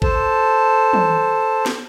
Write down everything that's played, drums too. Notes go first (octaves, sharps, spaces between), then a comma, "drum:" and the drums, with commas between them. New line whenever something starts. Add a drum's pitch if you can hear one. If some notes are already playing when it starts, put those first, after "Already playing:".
A4 C5 A5, drum: kick G#1
drum: tom
drum: snare